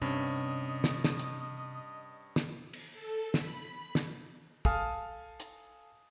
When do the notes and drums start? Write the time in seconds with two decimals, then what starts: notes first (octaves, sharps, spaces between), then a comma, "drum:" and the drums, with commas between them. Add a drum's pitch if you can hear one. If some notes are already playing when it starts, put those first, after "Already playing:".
0.02 G2 C3 C#4 D#5
0.84 drum: snare
1.04 drum: snare
1.19 drum: hi-hat
2.36 drum: snare
2.73 drum: cymbal
2.93 A4
3.34 B5, drum: snare
3.95 drum: snare
4.65 A4 F5 G#5 A5 D#6 F6, drum: kick
5.40 drum: hi-hat